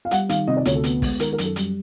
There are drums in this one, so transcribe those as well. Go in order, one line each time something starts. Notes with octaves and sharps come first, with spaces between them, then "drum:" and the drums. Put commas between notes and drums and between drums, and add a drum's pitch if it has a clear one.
F5
G3 F#5, drum: hi-hat
D#3 F5, drum: hi-hat
C3 D#5
D5
D2 C#5, drum: hi-hat
A4
B3, drum: hi-hat
G#3, drum: kick, open hi-hat
D#3 A#4, drum: hi-hat
A#4
F#2, drum: hi-hat
A4
G3, drum: hi-hat